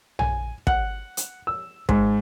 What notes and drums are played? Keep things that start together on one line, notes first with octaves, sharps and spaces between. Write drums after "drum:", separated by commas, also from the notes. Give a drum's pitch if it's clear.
G#5, drum: tom A#1
F#5, drum: kick
drum: hi-hat
E6
G#2, drum: kick